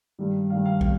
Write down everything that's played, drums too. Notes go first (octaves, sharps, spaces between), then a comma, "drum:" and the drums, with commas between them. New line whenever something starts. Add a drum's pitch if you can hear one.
G2 D#3 G3
G2 D#3 G3 F5
F5
F5, drum: kick